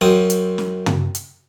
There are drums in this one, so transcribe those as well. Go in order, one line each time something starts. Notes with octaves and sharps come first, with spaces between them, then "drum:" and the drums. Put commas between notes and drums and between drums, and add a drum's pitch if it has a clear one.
F#2 C4 D#6
drum: hi-hat
drum: snare
drum: tom
drum: hi-hat